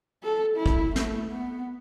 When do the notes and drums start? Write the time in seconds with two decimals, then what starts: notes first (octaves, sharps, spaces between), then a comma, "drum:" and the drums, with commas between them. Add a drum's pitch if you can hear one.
0.24 A4
0.57 E4
0.66 drum: kick
0.96 A3, drum: snare
1.31 B3